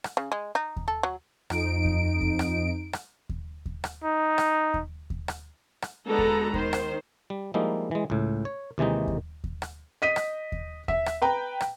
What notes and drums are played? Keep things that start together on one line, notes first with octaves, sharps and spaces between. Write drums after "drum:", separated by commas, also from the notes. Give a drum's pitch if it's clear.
drum: rim click
C#3
G#3
D#4
drum: kick D#2
A4
F#3
F2 D#4 D7, drum: rim click
drum: kick D#2
drum: kick D#2
drum: rim click
drum: rim click
drum: kick D#2
drum: kick D#2
drum: rim click
D#4
drum: rim click
drum: kick D#2
drum: kick D#2
drum: rim click
drum: rim click
D3 G#3 B3 F#4 A4 A#5
drum: kick D#2
D#3 C5, drum: kick D#2
drum: rim click
G3
F3 G3 G#3 A#3 D#4 E4
E3 G#3
C#2 A2
C#5
D#2 C3 E3 G#3 D#4
drum: kick D#2
drum: kick D#2
drum: rim click
D#5 B6 D#7
drum: rim click
drum: kick D#2
E5, drum: kick D#2
drum: rim click
B4 G5 A#5
drum: rim click